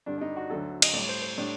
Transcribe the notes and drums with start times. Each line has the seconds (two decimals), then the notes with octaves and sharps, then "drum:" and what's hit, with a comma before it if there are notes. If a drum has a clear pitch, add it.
0.06 G2 D3 G3 D4
0.18 D4
0.21 D#4
0.36 F#4
0.50 D2 D3 F#3 A4
0.82 D#5, drum: cymbal
0.93 A2 G3 D5
1.09 C5
1.22 C5
1.38 A2 G3 D4